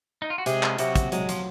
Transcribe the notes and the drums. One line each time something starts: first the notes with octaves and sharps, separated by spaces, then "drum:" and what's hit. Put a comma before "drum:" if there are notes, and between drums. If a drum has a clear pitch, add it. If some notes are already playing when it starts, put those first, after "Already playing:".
D#4
F4
F#4
C3 G#3 G#4, drum: hi-hat
drum: clap
C3 F#3 F#4, drum: hi-hat
drum: kick, hi-hat
F#3 G#3, drum: hi-hat
F3, drum: hi-hat